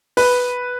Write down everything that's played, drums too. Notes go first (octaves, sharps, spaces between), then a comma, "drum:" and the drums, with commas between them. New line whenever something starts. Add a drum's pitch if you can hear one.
B4, drum: open hi-hat